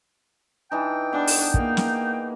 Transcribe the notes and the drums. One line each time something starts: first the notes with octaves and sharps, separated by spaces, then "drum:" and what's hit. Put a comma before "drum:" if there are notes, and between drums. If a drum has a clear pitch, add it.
E3 D4 D#4 G5
B3 D4 G#4
drum: open hi-hat
A#3, drum: kick
drum: snare